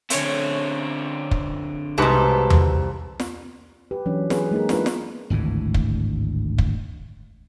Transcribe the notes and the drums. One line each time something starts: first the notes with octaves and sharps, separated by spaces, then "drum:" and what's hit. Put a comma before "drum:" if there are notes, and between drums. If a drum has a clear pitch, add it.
D3 A3 C4 C#4 C#5, drum: hi-hat
drum: kick
C2 G#2 B2 A4 B4 A#5
drum: tom E2
drum: snare
G4 B4
E3 F#3 C#4 D4
G#4 B4, drum: snare
G#3 A#3 D#4 G#4 A#4
D4 E4 F4 B4, drum: snare
drum: snare
G#1 D2 A2 E3
drum: kick
drum: kick